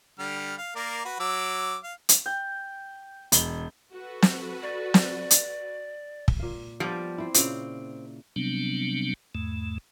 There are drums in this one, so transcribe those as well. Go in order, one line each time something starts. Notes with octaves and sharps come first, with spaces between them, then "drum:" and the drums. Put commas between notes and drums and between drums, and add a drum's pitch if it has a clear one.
D3 G3 F6
F5
A#3 A#4 D5
F#4 B4
F#3 D6 E6
F5
drum: hi-hat
G5
E1 F#7 G7, drum: hi-hat
F#4 A4 B4
drum: snare
D5
drum: snare
drum: hi-hat
drum: kick
A#2 F5
F3 G3 B3 G4 D5
C4 E4
A#2 C#3 C4, drum: hi-hat
C3 F#3 G3 B3 C4 D4
E2 G#2 A3